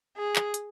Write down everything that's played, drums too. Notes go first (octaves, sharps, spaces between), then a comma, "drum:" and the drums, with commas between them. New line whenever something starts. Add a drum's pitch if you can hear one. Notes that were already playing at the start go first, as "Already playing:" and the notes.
G#4
drum: clap
drum: hi-hat